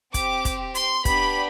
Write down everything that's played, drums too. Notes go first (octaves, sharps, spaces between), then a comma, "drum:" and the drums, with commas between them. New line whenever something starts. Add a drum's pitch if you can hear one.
C4 G4 D6, drum: kick, hi-hat
drum: kick, hi-hat
C6, drum: hi-hat
B3 D4 G4 B5, drum: kick, hi-hat